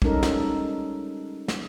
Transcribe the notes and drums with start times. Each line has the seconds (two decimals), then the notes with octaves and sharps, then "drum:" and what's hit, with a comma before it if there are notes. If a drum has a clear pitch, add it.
0.02 G3 G#3 C#4 D#4 A4 A#4, drum: kick
0.23 drum: snare
1.48 drum: snare